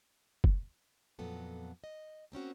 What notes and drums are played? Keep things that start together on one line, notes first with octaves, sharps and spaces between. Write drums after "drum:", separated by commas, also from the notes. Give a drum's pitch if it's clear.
drum: kick
F2 A#2 F#3 B3 A4
D#5
A#3 C4 C#4 F#4